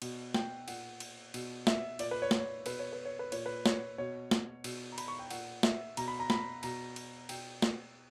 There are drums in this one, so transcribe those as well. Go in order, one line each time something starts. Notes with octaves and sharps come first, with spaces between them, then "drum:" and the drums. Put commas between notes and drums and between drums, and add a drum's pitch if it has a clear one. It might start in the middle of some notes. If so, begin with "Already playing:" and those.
B2, drum: cymbal
G5, drum: snare
A#2 F#5, drum: cymbal
drum: cymbal
B2, drum: cymbal
E5, drum: snare
A#2 D5, drum: cymbal
B4
C#5
B4, drum: snare
C#5
B2 B4, drum: cymbal
C#5
B4
C#5
B4
A#2 C#5, drum: cymbal
B4
C#5, drum: snare
B2 C#5
drum: snare
B2, drum: cymbal
A#5
B5, drum: cymbal
C#6
G5
A#2 F#5, drum: cymbal
E5, drum: snare
B2 A#5, drum: cymbal
B5
A#5
B5, drum: snare
B2 A#5, drum: cymbal
drum: cymbal
B2 G5, drum: cymbal
drum: snare